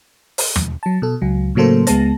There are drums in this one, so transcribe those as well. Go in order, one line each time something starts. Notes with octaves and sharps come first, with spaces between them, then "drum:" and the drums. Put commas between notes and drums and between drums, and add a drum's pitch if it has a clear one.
drum: open hi-hat
drum: tom
F#3 A5
B2 A4
C#2 F#3
A2 C#3 F#3 A#3 A4 C5
C#2 G#3 B3 A5 A#6, drum: hi-hat